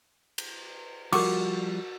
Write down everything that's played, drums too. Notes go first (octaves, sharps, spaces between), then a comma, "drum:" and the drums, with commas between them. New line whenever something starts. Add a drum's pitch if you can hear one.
drum: cymbal
F3 G3 F#4 A#4 D6, drum: cymbal